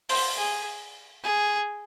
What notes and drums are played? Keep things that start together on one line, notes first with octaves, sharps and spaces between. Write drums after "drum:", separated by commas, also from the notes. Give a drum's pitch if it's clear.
C5, drum: open hi-hat
G#4
G#4